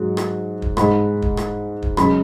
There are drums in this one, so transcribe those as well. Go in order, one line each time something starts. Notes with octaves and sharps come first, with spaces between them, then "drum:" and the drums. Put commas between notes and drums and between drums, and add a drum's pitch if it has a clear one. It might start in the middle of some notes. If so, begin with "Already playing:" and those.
Already playing: G#2 F#3
drum: rim click
drum: kick
G#2 G#3 B5, drum: rim click
drum: kick
drum: rim click
drum: kick
F#2 C#3 G#3 B5, drum: rim click